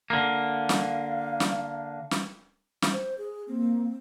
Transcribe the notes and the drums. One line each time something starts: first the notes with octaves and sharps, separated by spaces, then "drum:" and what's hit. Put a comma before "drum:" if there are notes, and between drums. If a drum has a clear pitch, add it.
D3 A#3 F5
drum: snare
drum: snare
drum: snare
drum: snare
C5
G#4
A#3 C4